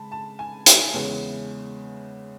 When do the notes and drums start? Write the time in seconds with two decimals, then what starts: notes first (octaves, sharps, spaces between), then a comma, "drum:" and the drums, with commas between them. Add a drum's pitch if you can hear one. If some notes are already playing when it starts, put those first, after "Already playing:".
Already playing: C#3 G#3 A5 B5
0.12 A5
0.39 G#5
0.66 E5, drum: hi-hat
0.94 E2 C#3 G#3 B3 C#5